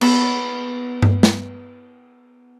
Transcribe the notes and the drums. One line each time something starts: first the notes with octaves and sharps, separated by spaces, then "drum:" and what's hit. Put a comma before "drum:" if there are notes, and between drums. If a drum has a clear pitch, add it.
B3 B5 E6, drum: cymbal
drum: tom G2
drum: snare